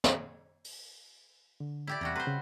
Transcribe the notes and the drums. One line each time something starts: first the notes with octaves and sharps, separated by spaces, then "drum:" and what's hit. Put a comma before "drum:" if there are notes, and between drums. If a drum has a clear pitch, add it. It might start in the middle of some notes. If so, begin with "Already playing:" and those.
drum: snare
drum: open hi-hat
D3
E4 G4 D5
E2 C3 G3 F#4
B4 C5 A#5 C6
C#3